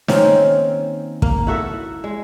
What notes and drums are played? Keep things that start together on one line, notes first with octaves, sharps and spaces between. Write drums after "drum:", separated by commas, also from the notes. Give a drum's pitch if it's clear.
D#3 A#3 C4 C#4, drum: snare
A#3, drum: kick
E4 F#4 A4 E5
G#3